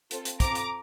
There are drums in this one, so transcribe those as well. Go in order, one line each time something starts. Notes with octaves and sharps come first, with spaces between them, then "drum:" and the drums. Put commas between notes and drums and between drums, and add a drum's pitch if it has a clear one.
C4 F4 A4, drum: hi-hat
drum: hi-hat
C4 F4 A4 A#5 D6, drum: kick, hi-hat
drum: hi-hat